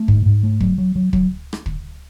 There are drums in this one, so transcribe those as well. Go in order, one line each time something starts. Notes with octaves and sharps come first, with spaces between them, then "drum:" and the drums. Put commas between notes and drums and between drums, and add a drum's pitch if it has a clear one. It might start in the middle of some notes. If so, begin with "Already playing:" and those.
Already playing: A3
G#2, drum: kick
G#2
A3
F#3, drum: kick
F#3
F#3
F#3, drum: kick
drum: rim click
drum: kick